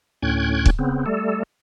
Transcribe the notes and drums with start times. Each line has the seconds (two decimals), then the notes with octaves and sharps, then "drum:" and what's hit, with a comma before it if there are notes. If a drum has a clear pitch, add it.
0.22 D2 A2 C#4 G5 F#6 G#6
0.66 drum: kick C#1
0.79 C#3 B3 C4
1.06 G3 A3 A4